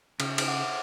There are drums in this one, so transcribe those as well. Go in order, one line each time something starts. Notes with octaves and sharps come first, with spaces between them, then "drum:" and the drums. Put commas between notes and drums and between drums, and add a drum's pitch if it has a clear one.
C#3, drum: cymbal
drum: cymbal
F#5 D6